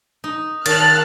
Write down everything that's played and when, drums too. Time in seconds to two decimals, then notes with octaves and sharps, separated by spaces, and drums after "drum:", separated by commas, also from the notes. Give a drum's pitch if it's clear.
0.24 D#4
0.66 D#3 A5 F6 F#6 A6, drum: cymbal